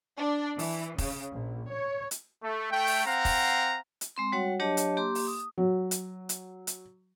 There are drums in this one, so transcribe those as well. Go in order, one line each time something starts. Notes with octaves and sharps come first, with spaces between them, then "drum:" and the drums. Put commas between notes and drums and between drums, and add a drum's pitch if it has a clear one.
D4
E3, drum: open hi-hat
C#3, drum: kick F1, open hi-hat
A#1
C#5
drum: hi-hat
A3
A3 G5
drum: open hi-hat
C4 F5 F#5 A#5
drum: kick F1, open hi-hat
drum: hi-hat
G#3 C4 C6
G3 F#4 C#5 F#5
F#3 D4 G4 C#5 D#5 A5
drum: hi-hat
A#3 G4 C6 D6
drum: open hi-hat
D#6
F#3
drum: hi-hat
drum: hi-hat
drum: hi-hat